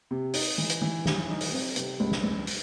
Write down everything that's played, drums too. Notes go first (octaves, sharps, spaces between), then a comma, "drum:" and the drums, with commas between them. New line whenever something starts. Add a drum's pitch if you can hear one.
C3
D#4, drum: open hi-hat
E3
drum: hi-hat
E3
E3, drum: snare
D#4
drum: open hi-hat
C4
C3, drum: hi-hat
C#2
drum: snare
C#2
drum: open hi-hat